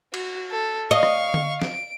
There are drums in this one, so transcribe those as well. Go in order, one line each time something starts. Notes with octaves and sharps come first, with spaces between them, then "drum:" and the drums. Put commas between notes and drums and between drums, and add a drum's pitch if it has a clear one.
F#4, drum: cymbal
A4
D#5 F5 C#6
drum: rim click
drum: tom D3
D7, drum: snare